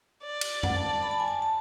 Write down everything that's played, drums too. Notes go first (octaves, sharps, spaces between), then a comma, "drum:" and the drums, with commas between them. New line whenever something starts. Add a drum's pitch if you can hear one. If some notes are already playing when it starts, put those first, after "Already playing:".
D5
drum: cymbal
F#5, drum: tom F#2
A5
A5
B5
A5
G#5
A5
A5